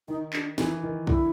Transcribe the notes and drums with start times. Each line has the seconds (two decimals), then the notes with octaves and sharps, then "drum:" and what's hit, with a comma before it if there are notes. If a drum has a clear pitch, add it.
0.08 D#3 D#4
0.33 D4, drum: clap
0.58 E3 E4, drum: snare
0.83 D#3
1.07 D3 E4, drum: kick